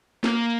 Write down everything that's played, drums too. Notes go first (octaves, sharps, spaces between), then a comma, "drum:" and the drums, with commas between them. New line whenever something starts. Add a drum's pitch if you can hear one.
A#3, drum: snare